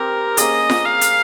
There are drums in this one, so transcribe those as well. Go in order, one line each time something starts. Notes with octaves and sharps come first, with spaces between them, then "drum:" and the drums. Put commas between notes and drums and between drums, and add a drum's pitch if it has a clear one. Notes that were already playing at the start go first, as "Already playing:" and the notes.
Already playing: C4 G4 A#4
A#3 C#4 G#4 D#5, drum: hi-hat
drum: snare F4
F5
drum: hi-hat